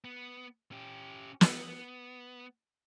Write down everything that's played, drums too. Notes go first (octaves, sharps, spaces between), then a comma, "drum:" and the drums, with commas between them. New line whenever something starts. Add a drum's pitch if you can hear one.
B3
C#4 G4
B3, drum: snare